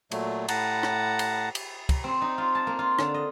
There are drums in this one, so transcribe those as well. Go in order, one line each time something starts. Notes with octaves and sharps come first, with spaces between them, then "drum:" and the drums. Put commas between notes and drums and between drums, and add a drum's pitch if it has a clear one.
A#2 F#3 A3, drum: cymbal
A2 F#5 A5 A#5, drum: cymbal
drum: rim click
drum: cymbal
drum: cymbal
A#5, drum: kick, cymbal
C4
D#4
F4
A5
A#3
F4
D3, drum: rim click
D#5